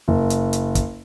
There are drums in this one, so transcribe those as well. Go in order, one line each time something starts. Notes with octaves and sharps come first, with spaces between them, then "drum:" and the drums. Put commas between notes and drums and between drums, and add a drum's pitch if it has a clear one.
F#1
drum: hi-hat
drum: hi-hat
drum: kick, hi-hat